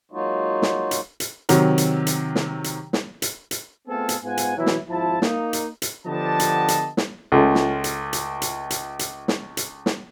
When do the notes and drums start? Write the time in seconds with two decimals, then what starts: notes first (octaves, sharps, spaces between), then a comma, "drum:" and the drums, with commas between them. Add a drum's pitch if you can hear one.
0.12 F#3 G#3 A#3 D#4 F4 F#4
0.62 drum: snare
0.91 drum: hi-hat
1.20 drum: hi-hat
1.49 C3 D#3 F#3, drum: hi-hat
1.78 drum: hi-hat
2.07 drum: hi-hat
2.35 drum: snare
2.64 drum: hi-hat
2.93 drum: snare
3.22 drum: hi-hat
3.51 drum: hi-hat
3.88 A3 B3 C4 F4 G#4 A4
4.09 drum: hi-hat
4.24 G#2 B3 F4 F#5 G#5
4.37 drum: hi-hat
4.57 B2 E3 F#3 E4
4.66 drum: snare
4.89 G#1 F3 E4 A5
5.22 A#3 D#4, drum: snare
5.53 drum: hi-hat
5.82 drum: hi-hat
6.06 D3 F3 B3 G4 D#5 A5
6.40 drum: hi-hat
6.68 drum: hi-hat
6.97 drum: snare
7.32 C#2 A3 F4
7.55 drum: snare
7.84 drum: hi-hat
8.13 drum: hi-hat
8.42 drum: hi-hat
8.70 drum: hi-hat
8.99 drum: hi-hat
9.28 drum: snare
9.57 drum: hi-hat
9.86 drum: snare